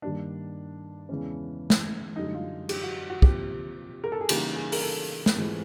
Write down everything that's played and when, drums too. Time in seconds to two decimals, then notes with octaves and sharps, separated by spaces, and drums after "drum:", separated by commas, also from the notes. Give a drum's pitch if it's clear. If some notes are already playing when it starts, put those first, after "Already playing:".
0.02 G2 D#3 G3 A#3 D4
1.09 E2 C#3 E3 G#3 C#4
1.70 drum: snare
2.16 F#2 D3 G3 D#4
2.34 F4
2.69 G4, drum: cymbal
2.83 F#4
3.10 F#4
3.22 C3 F3 A#3 G4, drum: kick
4.04 A#4
4.12 A4
4.21 G#4
4.29 C#3 E3 G3 A#3 D#4 G4, drum: cymbal
4.56 G#4
4.72 A#4, drum: open hi-hat
4.82 A4
5.26 drum: snare
5.36 G#2 E3 G#3 C4 F4